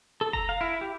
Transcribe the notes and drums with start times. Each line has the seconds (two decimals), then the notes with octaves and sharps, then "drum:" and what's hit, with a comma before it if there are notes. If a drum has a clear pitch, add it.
0.21 A4
0.33 A#5, drum: kick F1
0.49 F5
0.61 E4
0.81 G4